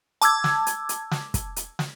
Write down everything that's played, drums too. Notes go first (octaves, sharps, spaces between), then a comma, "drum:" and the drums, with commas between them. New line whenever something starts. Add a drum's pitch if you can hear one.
A5 D6 E6 G#6, drum: hi-hat
drum: snare
drum: hi-hat
drum: hi-hat
drum: snare
drum: kick, hi-hat
drum: hi-hat
drum: snare